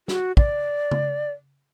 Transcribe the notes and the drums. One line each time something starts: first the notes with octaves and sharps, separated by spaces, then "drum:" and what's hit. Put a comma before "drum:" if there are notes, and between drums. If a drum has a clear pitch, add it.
F#4, drum: snare
D5, drum: kick
drum: tom C#3